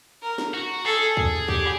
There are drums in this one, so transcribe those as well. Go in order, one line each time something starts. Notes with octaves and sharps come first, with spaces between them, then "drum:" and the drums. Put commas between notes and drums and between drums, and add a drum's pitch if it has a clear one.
A#4
drum: snare
F#4
G#4 A4
drum: kick
G4, drum: kick